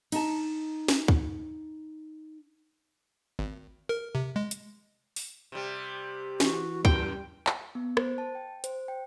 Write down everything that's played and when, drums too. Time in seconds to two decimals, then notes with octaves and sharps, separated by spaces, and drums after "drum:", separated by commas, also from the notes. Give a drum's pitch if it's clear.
0.12 D#4 A5, drum: cymbal
0.88 drum: snare
1.08 drum: kick
3.39 G#1
3.89 A#4
4.15 C3
4.36 G#3
4.51 drum: hi-hat
5.16 drum: open hi-hat
5.52 C3 G3
6.40 E3 F#4, drum: snare
6.85 F#2 G3 G5, drum: kick
7.47 drum: clap
7.75 B3
7.97 C5, drum: rim click
8.18 A5
8.35 G5
8.64 C5, drum: hi-hat
8.88 G5